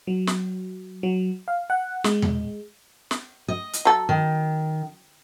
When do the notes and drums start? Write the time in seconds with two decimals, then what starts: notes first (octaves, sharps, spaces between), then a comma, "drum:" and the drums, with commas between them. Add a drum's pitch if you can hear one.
0.07 F#3
0.27 drum: snare
1.03 F#3
1.48 F5
1.70 F#5
2.04 G#3, drum: snare
2.22 drum: tom E2
3.11 drum: snare
3.48 D#5
3.73 drum: hi-hat
3.85 F#3 A4
4.09 D#3